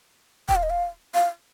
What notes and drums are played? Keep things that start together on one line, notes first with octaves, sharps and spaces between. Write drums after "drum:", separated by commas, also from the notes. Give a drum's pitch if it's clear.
G5, drum: kick D#1
F5
D#5
F5
F5